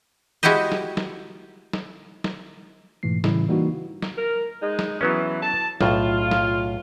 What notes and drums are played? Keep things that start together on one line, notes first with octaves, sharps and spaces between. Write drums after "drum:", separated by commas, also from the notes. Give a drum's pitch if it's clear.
G#3 E4 F#4 G4 C5 D#5
drum: snare
drum: snare
drum: snare
drum: snare
G#2 B2 E3 A3 C7
A2 C#3 E3 G3 E4, drum: snare
E3 G3 A#3 D#4 E4 F#4
drum: snare
A#4
G#3 D#4
drum: snare
E3 F#3 B3 C#4
A5
B1 A2 F4, drum: snare
drum: snare